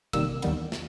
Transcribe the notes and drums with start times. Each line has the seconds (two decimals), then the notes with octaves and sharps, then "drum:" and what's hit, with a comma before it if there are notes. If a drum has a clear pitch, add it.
0.13 C3 D#3 G3 A#3 E6, drum: kick, cymbal
0.42 D#2 D#3 G3 B3, drum: cymbal
0.72 drum: snare